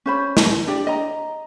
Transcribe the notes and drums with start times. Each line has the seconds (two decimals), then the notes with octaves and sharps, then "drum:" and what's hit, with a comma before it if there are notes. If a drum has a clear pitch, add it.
0.06 C#4 C5 B5
0.37 drum: snare
0.67 D4 G4 D5
0.87 D#5 A#5